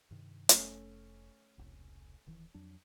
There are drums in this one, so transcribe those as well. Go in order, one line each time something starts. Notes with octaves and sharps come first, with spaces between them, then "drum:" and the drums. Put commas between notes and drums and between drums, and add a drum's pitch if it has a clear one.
G2 C3 D#3
F1 A3 C#4, drum: hi-hat
E1 C2
D1 D#3 E3
F2 F#3 D4